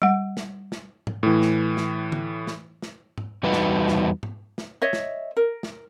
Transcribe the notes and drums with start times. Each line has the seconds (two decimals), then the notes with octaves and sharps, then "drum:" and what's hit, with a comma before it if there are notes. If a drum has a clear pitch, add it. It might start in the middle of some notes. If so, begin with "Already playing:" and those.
0.02 G3 F#5, drum: tom
0.37 drum: snare
0.72 drum: snare
1.07 drum: tom G#2
1.23 A2 E3
1.42 drum: snare
1.77 drum: snare
2.12 drum: tom
2.47 drum: snare
2.82 drum: snare
3.18 drum: tom G#2
3.43 E2 G3 D#4 F#4 B4
3.53 drum: snare
3.88 drum: snare
4.23 drum: tom G#2
4.58 drum: snare
4.82 C#5 D#5 E5
4.93 drum: snare
5.37 A#4
5.63 drum: snare